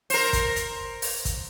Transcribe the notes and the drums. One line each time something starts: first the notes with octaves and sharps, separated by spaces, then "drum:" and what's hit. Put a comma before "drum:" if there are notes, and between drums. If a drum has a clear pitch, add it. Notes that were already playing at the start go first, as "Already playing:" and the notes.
A#4 C5, drum: open hi-hat
drum: kick, hi-hat
drum: hi-hat
drum: open hi-hat
drum: kick, hi-hat